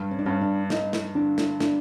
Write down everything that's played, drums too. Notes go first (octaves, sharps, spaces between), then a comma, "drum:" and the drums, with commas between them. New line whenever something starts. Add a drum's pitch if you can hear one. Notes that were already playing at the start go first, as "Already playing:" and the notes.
Already playing: G2
C#4
D4
G2 C#4
D4
G2 D#4, drum: snare
drum: snare
D3 D4
drum: snare
D4, drum: snare